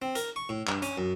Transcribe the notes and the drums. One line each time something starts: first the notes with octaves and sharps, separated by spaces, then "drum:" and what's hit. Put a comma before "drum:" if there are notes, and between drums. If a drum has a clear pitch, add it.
C4
A#4, drum: hi-hat
C#6
A2
G2, drum: clap
C#4, drum: hi-hat
F#2